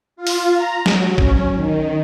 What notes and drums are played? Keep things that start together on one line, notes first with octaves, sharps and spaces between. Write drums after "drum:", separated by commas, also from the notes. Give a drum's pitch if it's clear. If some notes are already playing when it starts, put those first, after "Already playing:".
F4
drum: open hi-hat
A#5
F#3, drum: snare
C#4, drum: kick
D#3